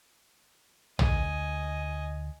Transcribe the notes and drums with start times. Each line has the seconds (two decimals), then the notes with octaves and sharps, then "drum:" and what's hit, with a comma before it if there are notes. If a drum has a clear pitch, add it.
0.99 D2 D#5 G#5, drum: tom